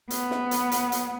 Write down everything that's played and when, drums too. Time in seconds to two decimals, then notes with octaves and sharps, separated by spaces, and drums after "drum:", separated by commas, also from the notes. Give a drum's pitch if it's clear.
0.10 B3, drum: hi-hat
0.31 drum: snare
0.51 drum: hi-hat
0.72 drum: hi-hat
0.92 drum: hi-hat